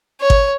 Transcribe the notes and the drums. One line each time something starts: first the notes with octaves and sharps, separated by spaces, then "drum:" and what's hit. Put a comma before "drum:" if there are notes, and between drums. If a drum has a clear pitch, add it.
C#5
drum: kick G#1